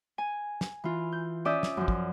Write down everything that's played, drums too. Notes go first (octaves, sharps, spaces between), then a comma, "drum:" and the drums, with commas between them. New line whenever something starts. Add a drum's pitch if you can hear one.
G#5
drum: snare
E3 F4
G6
C#4 D5 E5 D#6 E6 G6
drum: snare
F#2 F3
drum: kick